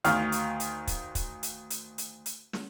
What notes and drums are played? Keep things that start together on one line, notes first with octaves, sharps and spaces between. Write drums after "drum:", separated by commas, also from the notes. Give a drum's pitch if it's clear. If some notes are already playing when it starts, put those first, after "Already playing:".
D2 D#3 F5 C#6 F6, drum: hi-hat
drum: hi-hat
drum: hi-hat
drum: kick, hi-hat
drum: kick, hi-hat
drum: hi-hat
drum: hi-hat
drum: hi-hat
drum: hi-hat
drum: snare